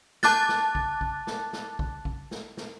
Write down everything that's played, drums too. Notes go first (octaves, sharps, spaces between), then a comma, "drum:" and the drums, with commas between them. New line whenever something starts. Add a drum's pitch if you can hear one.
A5 D6 F#6 A6, drum: snare
drum: snare
drum: kick A#1
drum: kick A#1
drum: snare
drum: snare
drum: kick A#1
drum: kick A#1
drum: snare
drum: snare